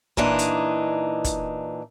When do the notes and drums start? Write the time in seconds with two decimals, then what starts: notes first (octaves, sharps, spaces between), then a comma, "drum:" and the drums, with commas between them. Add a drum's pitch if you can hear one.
0.17 A#2 E3 D4 D#4, drum: kick
0.39 drum: hi-hat
1.24 drum: kick, hi-hat